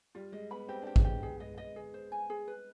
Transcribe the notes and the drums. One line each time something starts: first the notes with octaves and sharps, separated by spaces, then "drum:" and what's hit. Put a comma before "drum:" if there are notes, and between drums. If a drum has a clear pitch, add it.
G3 F4
G#3 D#5
B3 B5
C4 G4
D4
G4
G#3, drum: kick
G4
B3 G#4
G#3 D#5
G#3 D#5
G#4
C5
G#5
G#4
B4